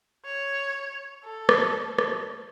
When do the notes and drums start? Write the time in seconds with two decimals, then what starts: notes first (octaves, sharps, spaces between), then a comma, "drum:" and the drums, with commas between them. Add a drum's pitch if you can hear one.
0.25 C#5
1.24 A4
1.49 drum: rim click
1.99 drum: rim click